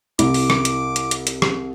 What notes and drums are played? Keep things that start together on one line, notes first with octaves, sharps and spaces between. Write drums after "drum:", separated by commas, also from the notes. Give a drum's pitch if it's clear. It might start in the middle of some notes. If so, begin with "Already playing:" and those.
C2 E4 D6, drum: hi-hat
drum: open hi-hat
drum: rim click
drum: hi-hat
drum: hi-hat
drum: hi-hat
drum: hi-hat
drum: rim click